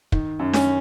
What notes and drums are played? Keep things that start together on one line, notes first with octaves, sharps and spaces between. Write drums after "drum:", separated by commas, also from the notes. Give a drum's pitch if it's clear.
D#3, drum: kick
F#2
C#4, drum: snare D4